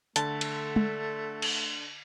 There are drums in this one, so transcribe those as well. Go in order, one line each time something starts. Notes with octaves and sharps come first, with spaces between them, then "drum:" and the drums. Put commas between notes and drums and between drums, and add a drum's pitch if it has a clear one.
D3 A3 A5, drum: hi-hat
drum: cymbal
drum: tom
drum: cymbal